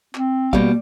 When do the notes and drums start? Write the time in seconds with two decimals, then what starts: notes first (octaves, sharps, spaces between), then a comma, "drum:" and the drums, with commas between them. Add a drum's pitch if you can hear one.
0.15 C4, drum: clap
0.53 B2 G3 A#3 F5, drum: kick